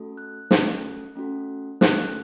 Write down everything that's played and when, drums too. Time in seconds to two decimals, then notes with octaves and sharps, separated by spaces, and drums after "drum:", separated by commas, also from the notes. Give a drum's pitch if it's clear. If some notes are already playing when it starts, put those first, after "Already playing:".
Already playing: A3 C#4 F#4 A4
0.17 F#6
0.51 A3 C#4 F#4 A4, drum: snare
1.15 A3 C#4 F#4 A4
1.81 A3 C#4 F#4 A4 F#6, drum: snare